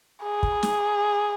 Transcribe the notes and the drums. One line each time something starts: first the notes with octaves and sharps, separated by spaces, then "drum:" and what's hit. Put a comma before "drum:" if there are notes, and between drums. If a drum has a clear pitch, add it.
G#4
drum: kick
drum: snare